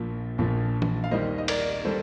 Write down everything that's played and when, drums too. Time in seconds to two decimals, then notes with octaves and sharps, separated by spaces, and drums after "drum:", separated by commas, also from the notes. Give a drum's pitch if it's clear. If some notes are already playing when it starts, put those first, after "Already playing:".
Already playing: A#1 A#2 F3 A#3
0.38 A#1 A#2 F3 A#3
0.82 drum: tom E3
1.04 F5
1.11 D#2 D#3 G3 A#3 C5 D#5
1.38 D#5
1.48 A#4 D5, drum: cymbal
1.85 G3 A#3 A4 C5